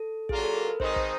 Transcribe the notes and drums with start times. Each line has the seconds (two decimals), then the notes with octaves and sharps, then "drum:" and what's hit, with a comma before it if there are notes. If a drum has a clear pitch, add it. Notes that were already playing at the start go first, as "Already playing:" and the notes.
Already playing: A4
0.29 A#2 F#3 A#3 D4 F4 G#4, drum: kick
0.43 A4
0.55 A#4
0.68 B4
0.80 D#3 G#3 C4 D#4 C5, drum: kick
0.96 drum: kick